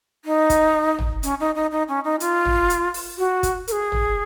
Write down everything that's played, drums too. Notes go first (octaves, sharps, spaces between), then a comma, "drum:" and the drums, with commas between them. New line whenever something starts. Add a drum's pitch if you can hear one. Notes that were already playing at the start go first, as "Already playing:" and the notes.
D#4
drum: kick, hi-hat
drum: tom
C#4, drum: hi-hat
D#4
D#4
D#4
C#4
D#4
F4, drum: hi-hat
drum: tom
drum: hi-hat
drum: open hi-hat
F#4
drum: kick, hi-hat
A#4, drum: hi-hat
G#4
drum: tom